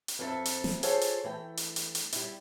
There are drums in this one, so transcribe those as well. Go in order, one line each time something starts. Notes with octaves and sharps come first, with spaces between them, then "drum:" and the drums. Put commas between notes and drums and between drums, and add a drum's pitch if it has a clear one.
drum: hi-hat
F2 C4 C#4 A4 E5
drum: hi-hat
drum: snare
F4 G#4 A4 C5 C#5, drum: hi-hat
drum: hi-hat
E3 A3 G5
drum: hi-hat
drum: hi-hat
drum: hi-hat
G3 E4, drum: hi-hat